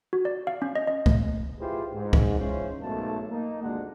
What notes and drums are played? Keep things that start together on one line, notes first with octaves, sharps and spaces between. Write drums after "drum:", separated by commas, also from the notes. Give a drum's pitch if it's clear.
F#4
D5
F5
C#4
D#5
D#5
A3, drum: kick C2
E4 F4 G4 G#4 B4 C5
G#2
drum: kick C2
E3 G#3 C#4 F4 C5
B1 G#2 A3 A#3 D#4 A5
A#3 D#4
G#1 D2 A#2 G#3 D4 F#5